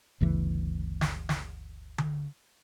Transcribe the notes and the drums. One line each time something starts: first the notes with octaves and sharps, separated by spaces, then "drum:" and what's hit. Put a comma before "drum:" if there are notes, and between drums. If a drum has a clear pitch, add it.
G1 D2 C#3 E3
drum: snare
drum: snare
drum: tom D3